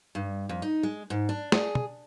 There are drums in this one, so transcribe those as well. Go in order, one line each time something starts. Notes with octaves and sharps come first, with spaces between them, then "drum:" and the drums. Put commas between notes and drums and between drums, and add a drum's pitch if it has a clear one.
G2
F2
D#4
G#3
G#2
D4
G#4, drum: snare
drum: tom